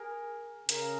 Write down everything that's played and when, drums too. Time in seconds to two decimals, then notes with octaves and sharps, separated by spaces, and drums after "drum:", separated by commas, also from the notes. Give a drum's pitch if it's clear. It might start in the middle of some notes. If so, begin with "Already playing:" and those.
Already playing: G#4 A#4
0.69 C#3 G#4 A#4, drum: hi-hat